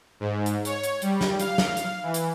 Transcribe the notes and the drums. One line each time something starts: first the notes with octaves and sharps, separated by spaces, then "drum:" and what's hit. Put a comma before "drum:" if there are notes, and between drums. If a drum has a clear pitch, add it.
G#2
drum: hi-hat
C#5, drum: hi-hat
drum: hi-hat
G3, drum: hi-hat
drum: snare
F5, drum: hi-hat
drum: snare
drum: hi-hat
E3
drum: hi-hat